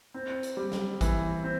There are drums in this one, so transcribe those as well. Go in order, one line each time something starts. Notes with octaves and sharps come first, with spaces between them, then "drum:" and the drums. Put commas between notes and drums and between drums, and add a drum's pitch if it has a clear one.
C4
drum: hi-hat
G3
drum: snare
E3, drum: kick, hi-hat
C4